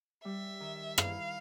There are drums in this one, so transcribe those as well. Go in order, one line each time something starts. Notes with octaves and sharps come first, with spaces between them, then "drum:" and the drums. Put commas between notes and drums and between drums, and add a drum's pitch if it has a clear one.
G3 E5
D#3
E4 F5, drum: rim click